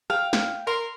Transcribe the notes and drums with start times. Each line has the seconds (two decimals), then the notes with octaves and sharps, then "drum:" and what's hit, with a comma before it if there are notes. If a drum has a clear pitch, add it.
0.10 F5 G5, drum: rim click
0.33 drum: snare
0.67 A#4 C6